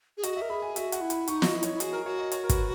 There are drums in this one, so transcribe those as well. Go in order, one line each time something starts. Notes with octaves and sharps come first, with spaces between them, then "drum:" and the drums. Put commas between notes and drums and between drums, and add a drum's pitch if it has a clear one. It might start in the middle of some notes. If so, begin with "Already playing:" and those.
G#4
F#4 D#5, drum: hi-hat
A#4 E5
G#4 B5
G#5
F#4 E5, drum: hi-hat
F#5, drum: hi-hat
E4
B5, drum: hi-hat
D#4 C#6, drum: hi-hat
F#4 D#5, drum: snare
E4
C#5, drum: hi-hat
E4
F#4 G#4, drum: hi-hat
A#4
F#4 C#5
D#5
C#5, drum: hi-hat
A#4
B4, drum: kick, hi-hat